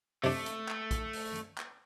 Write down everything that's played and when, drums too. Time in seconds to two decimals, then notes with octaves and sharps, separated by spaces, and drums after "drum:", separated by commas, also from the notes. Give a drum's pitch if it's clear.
0.24 C3 A3 D4, drum: open hi-hat
0.46 drum: hi-hat
0.68 drum: clap
0.91 drum: kick A#1, hi-hat
1.13 drum: open hi-hat
1.35 drum: hi-hat
1.58 drum: clap